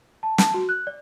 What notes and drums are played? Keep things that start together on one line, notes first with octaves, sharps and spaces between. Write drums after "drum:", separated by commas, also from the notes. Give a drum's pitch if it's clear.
A5
A5, drum: snare
F#4
F#6
D5